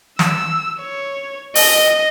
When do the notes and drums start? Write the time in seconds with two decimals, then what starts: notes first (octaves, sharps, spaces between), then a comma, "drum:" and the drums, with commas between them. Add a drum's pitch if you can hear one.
0.19 E6, drum: snare
0.81 C#5
1.55 D#5, drum: open hi-hat